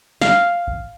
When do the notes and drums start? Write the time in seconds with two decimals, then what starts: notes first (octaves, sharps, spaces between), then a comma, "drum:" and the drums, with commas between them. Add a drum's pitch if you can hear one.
0.22 F5, drum: snare
0.67 drum: kick G#1